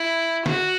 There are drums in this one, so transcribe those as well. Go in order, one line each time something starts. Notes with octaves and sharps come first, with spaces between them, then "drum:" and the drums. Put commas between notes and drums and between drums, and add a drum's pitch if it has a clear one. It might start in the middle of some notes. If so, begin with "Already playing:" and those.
Already playing: E4
F#4, drum: snare